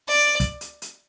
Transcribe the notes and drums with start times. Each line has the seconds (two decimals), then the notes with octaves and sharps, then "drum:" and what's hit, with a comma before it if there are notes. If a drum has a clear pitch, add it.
0.08 D5
0.40 drum: kick, hi-hat
0.61 drum: hi-hat
0.82 drum: hi-hat